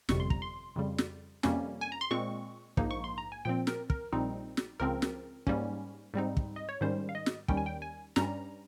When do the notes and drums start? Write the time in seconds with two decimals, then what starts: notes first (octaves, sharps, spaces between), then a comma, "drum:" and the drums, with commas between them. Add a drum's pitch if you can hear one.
0.09 G1 F2 C3 G3 C#6, drum: snare
0.20 C6
0.30 A#5, drum: kick
0.42 C6
0.76 F2 C#3 G3
0.98 drum: snare
1.43 F2 C3 G3 A#3 C#4, drum: snare
1.81 G#5
1.92 A#5
2.01 C6
2.11 A#2 G#3 C4 C#6
2.77 A#1 G#2 F3 A#3 D#4, drum: kick
2.91 C#6
3.04 C6
3.18 A#5
3.32 G#5
3.45 A#2 F3 C4 G5
3.67 A#4, drum: snare
3.90 A#4, drum: kick
4.12 A#1 A#2 G3 C4 D#4
4.57 drum: snare
4.80 C#2 C#3 F3 C4 A#4
5.02 drum: snare
5.47 G#2 G3 A#3 C#4, drum: kick
6.14 G#2 G3 C4 D#4
6.37 drum: kick
6.56 D#5
6.69 C#5
6.81 G#2 D#3 G3 C#4 C5
7.09 F5
7.15 D#5
7.26 drum: snare
7.48 D#2 D#3 G3 C#4 G5, drum: kick
7.57 G#5
7.66 G5
7.82 G#5
8.16 G2 G3 C#4 A#5, drum: snare